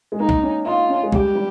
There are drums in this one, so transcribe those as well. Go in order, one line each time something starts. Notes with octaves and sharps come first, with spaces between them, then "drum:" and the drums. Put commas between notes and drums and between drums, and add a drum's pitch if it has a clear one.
G#3
A#3 D#4
drum: kick
C#4
D#4 F4
C#4
G#3
G3 G4, drum: kick
G3